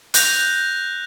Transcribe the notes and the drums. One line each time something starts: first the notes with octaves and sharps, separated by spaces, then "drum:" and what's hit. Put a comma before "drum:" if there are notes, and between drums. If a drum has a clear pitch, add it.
F#6 G6 A#6 F7, drum: hi-hat